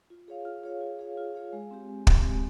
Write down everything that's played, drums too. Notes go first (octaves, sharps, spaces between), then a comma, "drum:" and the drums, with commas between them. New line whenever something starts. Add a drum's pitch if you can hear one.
F4
G#4 C#5 F5
F4
G#4 C#5 F5
F4
G#4 C#5 F5
F4
G#4 C#5 F5
G#3
C4 G4
G#3
C4 G4, drum: kick
G#3